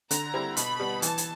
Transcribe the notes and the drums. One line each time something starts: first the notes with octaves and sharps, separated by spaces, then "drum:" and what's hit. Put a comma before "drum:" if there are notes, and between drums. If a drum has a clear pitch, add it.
D3 A#5, drum: hi-hat
G3 C4 E4
B2 B5, drum: hi-hat
G3 B3
E3 A5, drum: hi-hat
drum: hi-hat